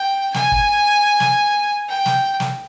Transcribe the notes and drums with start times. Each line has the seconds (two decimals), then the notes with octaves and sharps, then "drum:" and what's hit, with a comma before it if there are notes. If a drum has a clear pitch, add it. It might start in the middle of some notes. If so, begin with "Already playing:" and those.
Already playing: G5
0.34 G#5, drum: snare
0.52 drum: kick
1.20 drum: snare
1.89 G5
2.06 drum: snare
2.40 drum: snare